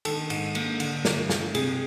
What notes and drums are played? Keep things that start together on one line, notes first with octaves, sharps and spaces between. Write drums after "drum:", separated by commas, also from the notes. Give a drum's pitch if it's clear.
D#3 A4, drum: cymbal
G#2, drum: cymbal
A#3, drum: cymbal
D3, drum: cymbal
G2, drum: snare
G2, drum: snare
C3 G#4, drum: cymbal